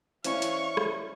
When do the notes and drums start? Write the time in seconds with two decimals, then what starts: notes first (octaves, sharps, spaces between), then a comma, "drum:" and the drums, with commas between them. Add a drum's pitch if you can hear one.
0.24 E3 C#4 C5 D5 E5 F5 C#6, drum: hi-hat
0.42 drum: hi-hat
0.77 drum: rim click